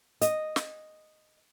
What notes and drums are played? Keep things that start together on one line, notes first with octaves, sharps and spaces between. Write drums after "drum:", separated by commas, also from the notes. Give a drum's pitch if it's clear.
D#5, drum: hi-hat
drum: snare